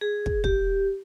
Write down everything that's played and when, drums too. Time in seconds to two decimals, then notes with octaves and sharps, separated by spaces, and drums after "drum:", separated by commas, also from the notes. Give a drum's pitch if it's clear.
0.01 G#4
0.26 drum: kick
0.44 G4, drum: kick